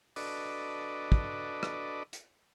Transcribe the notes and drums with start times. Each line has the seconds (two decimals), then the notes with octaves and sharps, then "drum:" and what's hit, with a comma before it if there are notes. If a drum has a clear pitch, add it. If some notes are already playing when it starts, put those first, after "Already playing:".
0.16 D4 F#4 A4 B4 D5 D#5, drum: open hi-hat
1.12 drum: kick
1.63 drum: rim click
2.13 drum: hi-hat